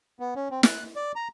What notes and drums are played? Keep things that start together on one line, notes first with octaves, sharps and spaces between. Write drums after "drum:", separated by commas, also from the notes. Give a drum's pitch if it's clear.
B3
C#4
C4
F#6, drum: snare
D5
A#5